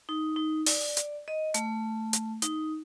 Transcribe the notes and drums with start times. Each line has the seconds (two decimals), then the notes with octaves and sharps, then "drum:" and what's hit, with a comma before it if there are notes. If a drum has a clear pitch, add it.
0.09 D#4
0.36 D#4
0.66 D5, drum: open hi-hat
0.97 drum: hi-hat
1.28 D#5
1.54 A3, drum: hi-hat
2.13 drum: hi-hat
2.42 D#4, drum: hi-hat